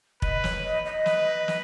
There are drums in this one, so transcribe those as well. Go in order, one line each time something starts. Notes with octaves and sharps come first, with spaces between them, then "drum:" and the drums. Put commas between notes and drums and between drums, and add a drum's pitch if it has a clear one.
B4 D#5, drum: kick
C#5, drum: snare
D#5
D#5
B4, drum: snare
drum: snare